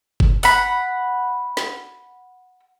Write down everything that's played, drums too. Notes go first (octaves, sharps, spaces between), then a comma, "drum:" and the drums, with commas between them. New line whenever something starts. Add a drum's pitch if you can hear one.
drum: kick G1
F#5 B5, drum: open hi-hat
drum: snare